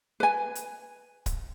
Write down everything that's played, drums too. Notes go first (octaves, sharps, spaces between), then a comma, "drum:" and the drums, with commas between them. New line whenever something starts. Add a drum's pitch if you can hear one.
B4 G#5
drum: hi-hat
drum: kick D1, hi-hat